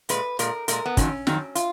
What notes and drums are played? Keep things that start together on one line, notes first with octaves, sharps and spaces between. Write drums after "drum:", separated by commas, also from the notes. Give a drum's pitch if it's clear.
A#2 G#3 B4, drum: hi-hat
A#2 G#3 A#4, drum: hi-hat
A#2 G#3 A#4, drum: hi-hat
B3
F2 D#3 F#3 C#4, drum: kick, hi-hat
F2 D#3 F#3, drum: snare
F4, drum: hi-hat